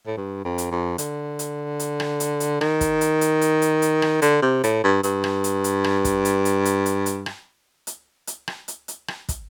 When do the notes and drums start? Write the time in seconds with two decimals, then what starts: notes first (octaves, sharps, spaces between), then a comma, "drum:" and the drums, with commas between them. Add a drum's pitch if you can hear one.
0.07 A2
0.17 G2
0.45 F2
0.58 drum: hi-hat
0.71 F2
0.98 D3, drum: hi-hat
1.39 drum: hi-hat
1.80 drum: hi-hat
2.00 drum: rim click
2.20 drum: hi-hat
2.40 drum: hi-hat
2.61 D#3, drum: rim click
2.81 drum: kick, hi-hat
3.01 drum: hi-hat
3.21 drum: hi-hat
3.41 drum: hi-hat
3.62 drum: hi-hat
3.82 drum: hi-hat
4.02 drum: rim click
4.22 D3, drum: hi-hat
4.42 C3
4.64 A2, drum: hi-hat
4.84 G2
5.03 G2, drum: hi-hat
5.24 drum: rim click
5.44 drum: hi-hat
5.64 drum: hi-hat
5.84 drum: rim click
6.05 drum: kick, hi-hat
6.25 drum: hi-hat
6.45 drum: hi-hat
6.65 drum: hi-hat
6.86 drum: hi-hat
7.06 drum: hi-hat
7.26 drum: rim click
7.87 drum: hi-hat
8.27 drum: hi-hat
8.48 drum: rim click
8.68 drum: hi-hat
8.88 drum: hi-hat
9.08 drum: rim click
9.29 drum: kick, hi-hat